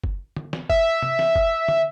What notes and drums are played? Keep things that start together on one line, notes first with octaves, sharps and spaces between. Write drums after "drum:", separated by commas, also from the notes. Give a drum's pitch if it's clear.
drum: kick
drum: tom
drum: snare
E5, drum: kick
drum: tom C3
drum: snare
drum: kick
drum: tom